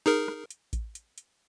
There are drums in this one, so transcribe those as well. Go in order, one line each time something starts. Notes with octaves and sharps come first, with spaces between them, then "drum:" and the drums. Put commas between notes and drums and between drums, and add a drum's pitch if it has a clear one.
D#4 G#4 A#4
drum: rim click
drum: hi-hat
drum: kick A1, hi-hat
drum: hi-hat
drum: hi-hat